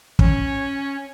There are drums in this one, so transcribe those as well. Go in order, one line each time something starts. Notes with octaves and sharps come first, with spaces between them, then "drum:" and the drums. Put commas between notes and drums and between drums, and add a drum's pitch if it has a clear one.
C#4, drum: kick